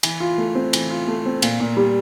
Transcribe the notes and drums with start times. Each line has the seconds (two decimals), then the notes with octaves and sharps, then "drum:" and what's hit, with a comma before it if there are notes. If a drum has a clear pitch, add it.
0.03 E3, drum: cymbal
0.20 F4
0.38 A3
0.55 C4
0.73 E3, drum: cymbal
0.90 F4
1.08 A3
1.26 C4
1.42 A#2, drum: cymbal
1.60 A#2
1.77 G3